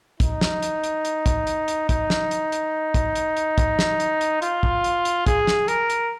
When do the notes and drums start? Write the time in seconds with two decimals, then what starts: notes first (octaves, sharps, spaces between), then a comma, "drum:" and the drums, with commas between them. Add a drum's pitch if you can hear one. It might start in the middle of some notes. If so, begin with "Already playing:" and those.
0.20 D#4, drum: kick, hi-hat
0.41 drum: snare
0.62 drum: hi-hat
0.84 drum: hi-hat
1.05 drum: hi-hat
1.26 drum: kick, hi-hat
1.47 drum: hi-hat
1.68 drum: hi-hat
1.89 D#4, drum: kick, hi-hat
2.10 drum: snare
2.31 drum: hi-hat
2.52 drum: hi-hat
2.94 drum: kick, hi-hat
3.15 drum: hi-hat
3.37 drum: hi-hat
3.58 drum: kick, hi-hat
3.79 drum: snare
4.00 drum: hi-hat
4.21 drum: hi-hat
4.42 F4, drum: hi-hat
4.63 drum: kick
4.84 drum: hi-hat
5.05 drum: hi-hat
5.26 G#4, drum: kick, hi-hat
5.47 drum: snare
5.68 A#4, drum: hi-hat
5.90 drum: hi-hat